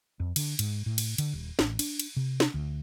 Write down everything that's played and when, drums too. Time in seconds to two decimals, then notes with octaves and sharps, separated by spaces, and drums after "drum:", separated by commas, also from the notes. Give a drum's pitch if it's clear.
0.20 F2
0.36 D3, drum: cymbal
0.59 G#2, drum: cymbal
0.86 A2
0.98 drum: cymbal
1.18 D3, drum: cymbal
1.33 D#1
1.59 A1, drum: snare
1.79 D4, drum: cymbal
2.00 drum: cymbal
2.16 C3
2.40 drum: snare
2.54 D2